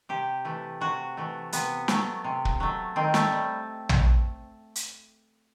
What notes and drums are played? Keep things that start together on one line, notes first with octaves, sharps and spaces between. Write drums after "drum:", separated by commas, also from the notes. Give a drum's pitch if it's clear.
C3 G4
E3 A3
C3 F#4
E3 A3
C3 B3, drum: hi-hat
F#3 A3, drum: snare
C3
drum: kick
F#3 A3
D#3 C4
A3, drum: snare
G3
drum: tom
drum: hi-hat